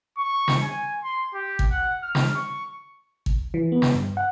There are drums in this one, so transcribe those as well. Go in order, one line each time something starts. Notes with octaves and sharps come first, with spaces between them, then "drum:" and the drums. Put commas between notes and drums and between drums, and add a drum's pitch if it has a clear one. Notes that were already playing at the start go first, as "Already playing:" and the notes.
C#6
drum: snare
G#5
C6
G4
drum: kick
F#5
F6
drum: snare
C#6
drum: kick
E3
B3
drum: snare
G2
F#5